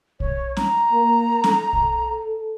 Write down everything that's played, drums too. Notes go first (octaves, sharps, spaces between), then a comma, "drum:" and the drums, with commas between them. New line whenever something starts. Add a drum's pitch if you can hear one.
C#5, drum: kick
A#5, drum: snare
A#3
A4, drum: snare
drum: kick